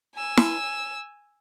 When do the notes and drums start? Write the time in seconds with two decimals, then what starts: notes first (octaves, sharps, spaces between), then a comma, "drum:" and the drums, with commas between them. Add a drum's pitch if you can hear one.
0.16 G#5 E6
0.37 drum: snare